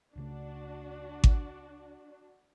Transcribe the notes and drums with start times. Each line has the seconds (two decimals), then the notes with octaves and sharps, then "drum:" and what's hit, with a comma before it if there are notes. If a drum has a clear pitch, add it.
0.15 C#2 C#3 A3 D4 F#4
1.24 drum: kick G#1